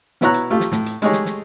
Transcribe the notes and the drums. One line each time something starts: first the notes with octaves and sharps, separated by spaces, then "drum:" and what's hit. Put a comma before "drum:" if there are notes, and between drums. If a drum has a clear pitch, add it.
B2 B3 E4 C#5 A#5 F#6, drum: snare
drum: hi-hat
A3 F4 G4
drum: snare
A2, drum: snare
drum: hi-hat
G#3 A3 D#4 G4 G#4 C#5, drum: hi-hat
drum: snare
drum: snare